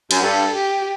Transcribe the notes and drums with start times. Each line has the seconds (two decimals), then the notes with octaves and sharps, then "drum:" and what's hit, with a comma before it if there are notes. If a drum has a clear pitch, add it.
0.11 F#2, drum: cymbal
0.22 G2 A4
0.55 G4